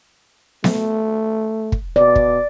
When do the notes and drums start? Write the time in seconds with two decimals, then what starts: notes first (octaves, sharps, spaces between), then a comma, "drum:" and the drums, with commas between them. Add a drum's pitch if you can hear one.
0.64 A3, drum: snare B3
1.72 drum: kick
1.96 B2 D5
2.16 drum: kick